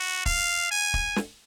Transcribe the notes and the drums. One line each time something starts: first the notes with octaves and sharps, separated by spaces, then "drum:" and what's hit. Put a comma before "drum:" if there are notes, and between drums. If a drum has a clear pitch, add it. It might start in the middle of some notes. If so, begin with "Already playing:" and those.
Already playing: F#4
F5, drum: kick
G#5
drum: kick
drum: snare